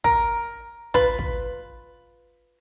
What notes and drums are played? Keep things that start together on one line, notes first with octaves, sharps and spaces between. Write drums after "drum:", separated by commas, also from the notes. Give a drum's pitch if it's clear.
A#4, drum: kick
F4 B4, drum: kick
drum: kick